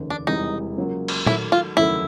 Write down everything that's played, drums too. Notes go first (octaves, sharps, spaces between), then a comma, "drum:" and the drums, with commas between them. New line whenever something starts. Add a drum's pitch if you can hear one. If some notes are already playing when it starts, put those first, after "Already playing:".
Already playing: F1 D#2 C#3
D4
E1 E2 C3 E3 G3 D#4
C#3 F#3 A#3 C#4 F4
drum: cymbal
D#3 F#3 A3 E4, drum: tom A#2
F4
F1 D#2 C#3 F#3 A3 E4